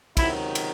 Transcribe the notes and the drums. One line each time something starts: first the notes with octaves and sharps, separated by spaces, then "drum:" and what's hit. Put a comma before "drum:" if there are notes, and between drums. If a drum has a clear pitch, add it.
C#2 C3 D#3 F#3 E4, drum: kick, cymbal
drum: cymbal